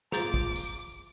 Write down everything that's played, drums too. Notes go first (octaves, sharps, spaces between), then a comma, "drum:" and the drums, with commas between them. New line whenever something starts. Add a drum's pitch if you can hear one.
F4 G#4 A#5 D6 G6 A6, drum: snare
drum: kick
drum: tambourine